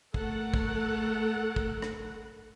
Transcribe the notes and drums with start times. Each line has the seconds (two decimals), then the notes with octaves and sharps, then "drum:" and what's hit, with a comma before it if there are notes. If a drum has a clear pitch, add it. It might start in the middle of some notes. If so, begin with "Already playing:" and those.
0.14 A3 A4 A#4 F#5, drum: kick
0.54 drum: kick
1.56 drum: kick
1.82 drum: rim click